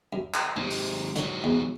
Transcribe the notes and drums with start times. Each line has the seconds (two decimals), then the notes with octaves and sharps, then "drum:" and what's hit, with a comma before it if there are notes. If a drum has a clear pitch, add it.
0.13 F#2
0.34 drum: clap
0.56 G#2 C3 C#4
0.70 drum: open hi-hat
1.16 G#2 D3 F#3 C#5, drum: hi-hat
1.44 E2